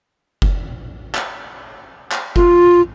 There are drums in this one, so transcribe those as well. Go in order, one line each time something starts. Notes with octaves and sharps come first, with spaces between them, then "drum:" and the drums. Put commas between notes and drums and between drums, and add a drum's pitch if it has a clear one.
drum: kick F#1
drum: clap
drum: clap
F4, drum: kick F#1